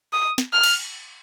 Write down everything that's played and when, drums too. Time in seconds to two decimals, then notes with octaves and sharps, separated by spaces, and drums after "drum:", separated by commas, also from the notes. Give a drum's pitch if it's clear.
0.13 D#6
0.38 drum: snare
0.53 F6
0.63 drum: cymbal